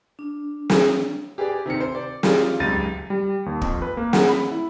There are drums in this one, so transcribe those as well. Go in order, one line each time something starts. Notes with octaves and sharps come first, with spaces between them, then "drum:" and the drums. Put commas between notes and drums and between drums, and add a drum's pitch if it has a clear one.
D4
drum: snare
G4 G#4 B4 D5
C3 D#3 C4 C#7
C5
D5
F4 G4 D5, drum: snare
G#1 C#2 F#2 G4 A6 D#7
G3
D#2
F2, drum: kick
B4
A#3
F#5, drum: snare
B5
E4